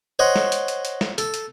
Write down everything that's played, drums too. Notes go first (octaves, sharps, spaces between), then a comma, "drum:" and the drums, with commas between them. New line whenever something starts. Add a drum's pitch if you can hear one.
C5 C#5 D#5 F#5
drum: snare
drum: hi-hat
drum: hi-hat
drum: hi-hat
drum: snare
A4, drum: hi-hat
drum: hi-hat